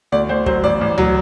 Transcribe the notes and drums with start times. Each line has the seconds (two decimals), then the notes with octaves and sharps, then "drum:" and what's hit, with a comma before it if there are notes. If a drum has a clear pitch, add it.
0.12 D2 D5
0.29 D2 C5
0.46 F#3 C5, drum: kick
0.63 A1 D5
0.81 A1
0.98 F#3, drum: tom C#2